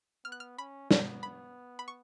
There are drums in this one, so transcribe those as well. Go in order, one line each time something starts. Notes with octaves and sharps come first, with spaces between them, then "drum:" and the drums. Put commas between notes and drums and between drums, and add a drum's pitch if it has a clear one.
B3 F6
F#6
F6
C#4 B5
B3, drum: snare
B5
B5
C#6